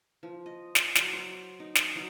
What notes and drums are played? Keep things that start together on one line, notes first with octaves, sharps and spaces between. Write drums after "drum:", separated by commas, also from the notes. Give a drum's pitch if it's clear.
F3
D#5
D5, drum: snare
F#3, drum: snare
C5
D#4
drum: snare
F#3